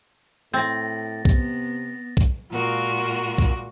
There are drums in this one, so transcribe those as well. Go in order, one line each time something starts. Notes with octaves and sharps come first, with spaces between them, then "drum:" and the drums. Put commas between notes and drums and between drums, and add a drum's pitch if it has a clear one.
A2 C4 A6 A#6
C3 B3, drum: kick B1
drum: kick B1
A#2 G#3 F4 F#4 A#4
drum: kick B1